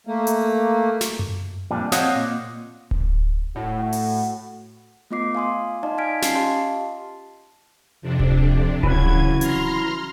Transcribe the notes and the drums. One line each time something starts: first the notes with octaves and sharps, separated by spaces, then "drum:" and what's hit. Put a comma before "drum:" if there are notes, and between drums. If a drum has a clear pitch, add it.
A3 A#3
drum: hi-hat
drum: snare
drum: tom F#2
F2 A#2 G3 D4
C4 C#5 D#5 F5 F#5, drum: snare
A#2
drum: kick D1
A2 F#4
drum: open hi-hat
A3 B3 F4 D#5 D6 C7
F5 G#5 C6 D#6
D#4 D5 D#5 F5 A5 C6
G#5 F6 G#6 B6 D7
C#4 F4 F5 A5 C7, drum: snare
G4 D#5 F5 A5 C6
F2 C3 D4
drum: kick D1
C#3 E3 F#3 F#6 G#6, drum: kick D1
A#5 C6 F6, drum: hi-hat